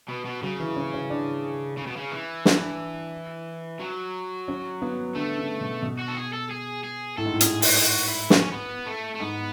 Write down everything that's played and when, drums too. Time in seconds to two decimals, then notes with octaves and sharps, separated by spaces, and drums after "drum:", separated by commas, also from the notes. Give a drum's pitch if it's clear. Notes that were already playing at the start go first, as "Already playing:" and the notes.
0.08 B2
0.25 B2
0.43 C#3 F#3
0.60 E3
0.76 C#4
0.93 C#4
1.10 D4
1.77 C#3
1.87 B2
1.97 C#3
2.12 E3
2.45 D4, drum: snare
3.80 F#3
4.48 C#4
4.82 B3
5.15 D3 A3
5.38 C#3
5.61 B2
5.82 B2
5.99 F#4
6.08 A4
6.17 G#4
6.33 A4
6.51 G#4
6.84 G#4
7.18 A2 A4
7.25 G#2
7.34 A2
7.41 G#4, drum: hi-hat
7.62 F#4, drum: open hi-hat
7.75 G#4
7.85 F#4
8.08 E4
8.30 C#4, drum: snare
8.52 B3
8.87 A3
9.15 A3
9.20 G#2 B3